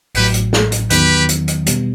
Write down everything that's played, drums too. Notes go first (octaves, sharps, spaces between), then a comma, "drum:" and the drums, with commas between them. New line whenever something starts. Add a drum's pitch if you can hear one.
A1 A2 F#3 G4 B4, drum: open hi-hat
drum: hi-hat
drum: snare
drum: hi-hat
E2 D#3 F#3 B3 G4 B4, drum: hi-hat
drum: hi-hat
drum: hi-hat
B2 G3 B3, drum: hi-hat